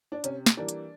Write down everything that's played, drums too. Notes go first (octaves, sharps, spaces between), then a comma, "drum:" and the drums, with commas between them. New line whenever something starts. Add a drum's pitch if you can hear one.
D4
C3 C#4, drum: hi-hat
drum: snare
E3 G3 A#3 D4
drum: hi-hat